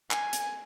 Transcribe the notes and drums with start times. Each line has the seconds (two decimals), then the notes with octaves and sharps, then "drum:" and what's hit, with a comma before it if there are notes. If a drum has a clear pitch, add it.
0.11 G#5, drum: clap
0.33 drum: hi-hat